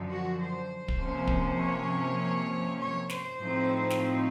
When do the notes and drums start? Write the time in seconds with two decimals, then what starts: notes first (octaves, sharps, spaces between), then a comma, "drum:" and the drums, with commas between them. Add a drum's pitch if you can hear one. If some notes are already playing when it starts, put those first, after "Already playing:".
Already playing: F#2 D3 F3
0.08 F#4
0.39 C5
0.88 drum: kick
0.99 C3 F3 A#3 C#4
1.27 drum: kick
1.59 C#5
2.79 C#5
3.10 C5, drum: snare
3.39 A2 F3 A3 C4 D#4
3.90 drum: snare